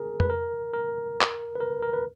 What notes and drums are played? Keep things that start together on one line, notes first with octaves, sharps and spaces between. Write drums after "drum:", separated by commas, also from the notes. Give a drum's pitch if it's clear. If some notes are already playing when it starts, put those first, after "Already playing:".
Already playing: G#4 A#4
B4, drum: tom F2
A#4
A#4
drum: clap
B4
A#4
A#4
B4